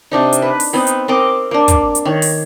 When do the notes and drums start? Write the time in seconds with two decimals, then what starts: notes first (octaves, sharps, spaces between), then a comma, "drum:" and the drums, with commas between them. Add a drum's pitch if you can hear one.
0.11 C3 D4 D#4
0.33 drum: hi-hat
0.42 B4
0.60 drum: open hi-hat
0.73 B3 C4 D#4
0.87 drum: hi-hat
1.08 C4 A#4 D#5 D6
1.51 A#3 D4
1.68 drum: kick, hi-hat
1.95 drum: hi-hat
2.05 D#3 C#5
2.22 drum: open hi-hat